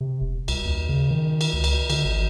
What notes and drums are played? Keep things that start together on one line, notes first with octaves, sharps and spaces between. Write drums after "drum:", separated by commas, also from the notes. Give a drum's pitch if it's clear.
C3
E1
C2, drum: cymbal
D#2
C#3
D#3
drum: cymbal
C#2
drum: cymbal
D3, drum: cymbal
G#1